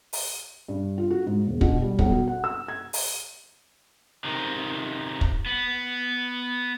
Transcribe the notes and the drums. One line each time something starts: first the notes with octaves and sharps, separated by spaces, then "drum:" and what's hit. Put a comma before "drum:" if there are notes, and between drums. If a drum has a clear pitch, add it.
drum: open hi-hat
G2
F4
F#4
G#2
E1
B2, drum: kick
G3
B1, drum: kick
F#4
F#5
E6
G#6
drum: open hi-hat
C3 D#3
drum: kick
B3